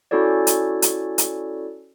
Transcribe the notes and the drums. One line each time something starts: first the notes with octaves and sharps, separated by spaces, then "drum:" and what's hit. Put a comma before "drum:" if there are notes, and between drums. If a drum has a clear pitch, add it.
C#4 E4 F#4 A4 C#5 D5
drum: hi-hat
drum: hi-hat
drum: hi-hat